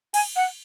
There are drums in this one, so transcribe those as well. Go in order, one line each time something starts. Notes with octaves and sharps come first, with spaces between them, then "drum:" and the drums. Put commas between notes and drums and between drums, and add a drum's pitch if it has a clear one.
G#5, drum: cymbal
F#5